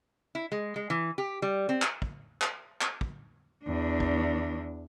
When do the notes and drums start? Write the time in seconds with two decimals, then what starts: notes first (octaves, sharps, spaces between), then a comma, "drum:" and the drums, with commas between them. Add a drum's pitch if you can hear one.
0.35 E4
0.52 G#3
0.76 G#3
0.90 E3
1.18 G4
1.42 G3
1.69 C4
1.82 drum: clap
2.02 drum: kick
2.42 drum: clap
2.81 drum: clap
3.01 drum: kick
3.64 E2 D4
4.00 drum: kick